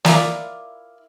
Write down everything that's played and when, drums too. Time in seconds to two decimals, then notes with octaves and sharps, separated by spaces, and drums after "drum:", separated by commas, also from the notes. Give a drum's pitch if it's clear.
0.05 E4 F4 A#4 D5, drum: snare